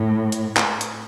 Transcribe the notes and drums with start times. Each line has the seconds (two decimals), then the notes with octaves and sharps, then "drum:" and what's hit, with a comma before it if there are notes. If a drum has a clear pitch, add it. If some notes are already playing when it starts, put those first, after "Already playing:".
Already playing: A2
0.32 drum: hi-hat
0.57 drum: clap
0.81 drum: hi-hat